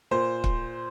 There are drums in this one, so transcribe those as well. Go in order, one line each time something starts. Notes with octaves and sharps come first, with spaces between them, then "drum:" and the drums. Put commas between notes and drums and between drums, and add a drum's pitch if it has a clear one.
A#2 C5
drum: kick